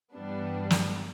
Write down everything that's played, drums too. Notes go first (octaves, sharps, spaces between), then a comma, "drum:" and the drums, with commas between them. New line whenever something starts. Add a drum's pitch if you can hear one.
G2 E3 G3 B3 D4
drum: snare